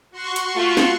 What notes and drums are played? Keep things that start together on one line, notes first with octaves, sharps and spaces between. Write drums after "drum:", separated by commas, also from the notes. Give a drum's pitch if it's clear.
F#4 C6 C#6
drum: hi-hat
A3 F4
drum: snare